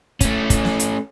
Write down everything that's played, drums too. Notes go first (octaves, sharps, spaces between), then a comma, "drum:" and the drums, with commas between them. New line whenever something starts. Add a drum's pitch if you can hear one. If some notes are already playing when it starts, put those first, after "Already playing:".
A3 C#4, drum: kick, hi-hat
drum: kick, hi-hat
drum: snare
drum: hi-hat